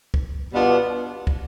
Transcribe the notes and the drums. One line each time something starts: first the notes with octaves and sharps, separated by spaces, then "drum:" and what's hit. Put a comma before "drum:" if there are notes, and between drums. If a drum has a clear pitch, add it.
drum: kick
B2 G3 B3 D4 F4
drum: kick